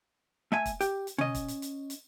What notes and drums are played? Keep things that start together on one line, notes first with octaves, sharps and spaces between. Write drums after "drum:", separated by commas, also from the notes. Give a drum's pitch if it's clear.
A3 E5 G#5
drum: kick, hi-hat
G4, drum: hi-hat
drum: hi-hat
C#4 D#5, drum: tom B2
drum: kick, hi-hat
drum: hi-hat
drum: hi-hat
drum: hi-hat